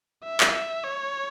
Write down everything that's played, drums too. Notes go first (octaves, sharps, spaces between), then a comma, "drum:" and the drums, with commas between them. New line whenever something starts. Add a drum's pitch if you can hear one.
E5
drum: clap
C#5